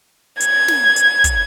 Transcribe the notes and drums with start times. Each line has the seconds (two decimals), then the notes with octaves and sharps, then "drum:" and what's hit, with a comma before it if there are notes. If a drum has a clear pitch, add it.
0.40 G#6, drum: hi-hat
0.68 drum: snare
0.96 drum: hi-hat
1.24 drum: kick, hi-hat